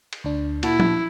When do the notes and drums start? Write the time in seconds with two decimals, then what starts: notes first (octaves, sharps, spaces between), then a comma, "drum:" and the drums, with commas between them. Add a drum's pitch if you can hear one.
0.13 drum: cymbal
0.24 D2 D4
0.63 A#2 E4 F#4 A5, drum: cymbal
0.80 drum: tom F3